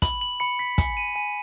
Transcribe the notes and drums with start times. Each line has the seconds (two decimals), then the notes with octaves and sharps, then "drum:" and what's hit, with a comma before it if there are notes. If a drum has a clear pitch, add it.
0.02 B5 F#7, drum: kick, hi-hat
0.21 F#7
0.40 B5 C#7
0.59 B6
0.78 G#5 C#7, drum: kick, hi-hat
0.97 D#7
1.16 G#5 D#7